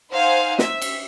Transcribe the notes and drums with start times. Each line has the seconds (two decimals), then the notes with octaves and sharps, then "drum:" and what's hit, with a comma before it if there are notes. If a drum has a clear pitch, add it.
0.12 D#4 C5 F5 F#5 G#5
0.59 E5, drum: snare
0.82 drum: cymbal